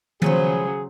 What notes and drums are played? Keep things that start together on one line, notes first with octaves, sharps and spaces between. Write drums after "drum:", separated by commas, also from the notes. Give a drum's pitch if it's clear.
C#3 F3 F#3 G#3 G#4 B4 C5, drum: tom D#3